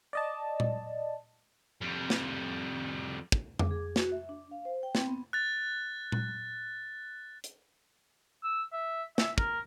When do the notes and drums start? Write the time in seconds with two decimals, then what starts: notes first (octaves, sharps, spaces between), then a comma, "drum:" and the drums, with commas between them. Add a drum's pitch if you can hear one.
0.13 D5 D#5 A5
0.60 drum: tom A#2
1.81 F2 G3
2.10 drum: snare
3.32 drum: kick
3.59 D6, drum: tom F2
3.71 G#4
3.96 F#4, drum: snare
4.12 E5
4.29 D4
4.51 F5
4.65 C5
4.83 G5
4.95 C4, drum: snare
5.07 B3
5.33 F#6 A6
6.12 drum: tom A#2
7.44 drum: hi-hat
8.44 E6
8.73 E5
9.18 E5, drum: snare
9.38 A#4, drum: kick